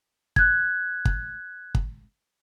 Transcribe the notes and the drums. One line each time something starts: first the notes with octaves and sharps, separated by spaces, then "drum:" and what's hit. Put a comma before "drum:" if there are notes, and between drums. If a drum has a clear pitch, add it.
F#6 G#6, drum: kick
drum: kick
drum: kick